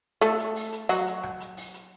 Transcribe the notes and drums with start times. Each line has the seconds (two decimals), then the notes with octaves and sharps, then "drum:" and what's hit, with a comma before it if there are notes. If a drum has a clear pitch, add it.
0.21 A3 A4, drum: hi-hat
0.39 drum: hi-hat
0.56 drum: open hi-hat
0.73 drum: hi-hat
0.89 F#3 F#4, drum: open hi-hat
1.06 drum: hi-hat
1.23 drum: rim click
1.40 drum: hi-hat
1.57 drum: open hi-hat
1.74 drum: hi-hat